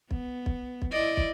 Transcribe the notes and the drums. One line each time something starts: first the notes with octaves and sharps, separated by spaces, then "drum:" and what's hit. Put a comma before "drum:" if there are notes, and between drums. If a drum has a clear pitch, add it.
B3, drum: kick
drum: kick
drum: kick
E4 D5 D#5
drum: kick